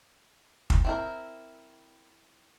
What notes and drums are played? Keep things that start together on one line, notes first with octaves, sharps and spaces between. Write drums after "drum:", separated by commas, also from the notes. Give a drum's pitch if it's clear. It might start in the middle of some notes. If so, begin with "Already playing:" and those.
drum: kick
C4 E4 A#4